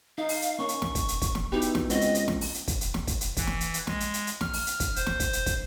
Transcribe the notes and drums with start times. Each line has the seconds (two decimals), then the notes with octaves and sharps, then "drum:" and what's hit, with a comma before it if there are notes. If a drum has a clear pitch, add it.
0.18 D#4 F5
0.29 drum: open hi-hat
0.42 drum: hi-hat
0.59 A#3 C#4 C#6
0.69 drum: hi-hat
0.82 drum: snare
0.95 drum: kick, hi-hat
1.08 drum: hi-hat
1.22 drum: kick, hi-hat
1.35 drum: snare
1.52 B2 D#4 E4 G4
1.61 drum: hi-hat
1.75 drum: snare
1.90 C#2 B3 C4 F#4 D#5, drum: hi-hat
2.01 drum: hi-hat
2.15 drum: hi-hat
2.28 drum: snare
2.41 drum: open hi-hat
2.54 drum: hi-hat
2.68 drum: kick, hi-hat
2.81 drum: hi-hat
2.94 drum: snare
3.07 drum: kick, hi-hat
3.21 drum: hi-hat
3.37 E3, drum: kick, hi-hat
3.47 drum: snare
3.61 drum: hi-hat
3.74 drum: hi-hat
3.87 G#3, drum: snare
4.00 drum: hi-hat
4.14 drum: hi-hat
4.27 drum: hi-hat
4.41 F6, drum: snare
4.53 drum: open hi-hat
4.67 drum: hi-hat
4.80 drum: kick, hi-hat
4.96 C5, drum: hi-hat
5.06 drum: snare
5.20 drum: kick, hi-hat
5.33 drum: hi-hat
5.46 drum: kick, hi-hat